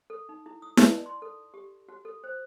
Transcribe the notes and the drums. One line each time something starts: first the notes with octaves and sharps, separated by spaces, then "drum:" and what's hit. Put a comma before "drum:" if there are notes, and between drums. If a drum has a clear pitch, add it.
A4
D#4
E4
D#6
A5, drum: snare E4
D5
C6
A4
G4
F#4
A4
C5